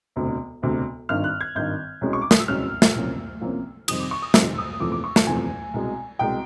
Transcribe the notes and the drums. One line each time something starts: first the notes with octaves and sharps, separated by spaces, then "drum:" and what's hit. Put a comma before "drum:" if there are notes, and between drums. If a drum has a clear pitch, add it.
E1 D2 C3
E1 D2 C3
G#1 G2 D#3 F6
F#6
G#6
G#1 G2 D#3 G6
C2 B2 G#3 C#4
C#6
D6
D#6, drum: snare
E6
C2 B2 G#3 C#4 F6
drum: snare
C2 C3 F3 A#3 C#4
C2 C3 F3 A#3 C#4
F2 C3 D#3 G3 C4 D#6, drum: cymbal
D6
C#6
D#6
F2 C3 D#3 G3 C4 E6, drum: snare
D#6
F#1 E2 C3 F3 A3 D6
D6
C#6
A5, drum: snare
F#1 E2 C3 F3 A3 G#5
C2 B2 G#3
C2 B2 G#3 G5